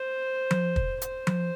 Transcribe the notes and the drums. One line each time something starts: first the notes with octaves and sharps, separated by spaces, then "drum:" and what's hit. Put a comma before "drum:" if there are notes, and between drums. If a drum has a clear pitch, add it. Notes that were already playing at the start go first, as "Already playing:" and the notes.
Already playing: C5
drum: tom F3
drum: kick
C5, drum: hi-hat
drum: tom F3